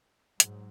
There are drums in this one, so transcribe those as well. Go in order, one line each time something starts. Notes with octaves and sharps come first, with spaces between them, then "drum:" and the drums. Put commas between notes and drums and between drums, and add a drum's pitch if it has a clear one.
G#2 F#3, drum: hi-hat